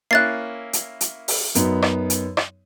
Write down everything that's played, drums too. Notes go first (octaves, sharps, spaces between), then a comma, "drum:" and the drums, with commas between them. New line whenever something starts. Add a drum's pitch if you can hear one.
A#3 C#4 E4 F#6 A6 C7
drum: hi-hat
drum: hi-hat
drum: open hi-hat
F#2 B3 D#4, drum: hi-hat
drum: rim click
drum: hi-hat
drum: rim click